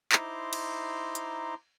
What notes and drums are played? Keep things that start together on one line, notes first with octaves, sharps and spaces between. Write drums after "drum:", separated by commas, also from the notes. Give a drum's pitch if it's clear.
D#4 E4 C5 A#5 C6 D6, drum: clap
drum: cymbal
drum: hi-hat